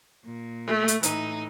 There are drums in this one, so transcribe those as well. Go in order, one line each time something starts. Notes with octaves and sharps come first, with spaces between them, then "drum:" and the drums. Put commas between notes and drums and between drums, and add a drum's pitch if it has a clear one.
A#2
A3
drum: hi-hat
A2 E3 D#4, drum: hi-hat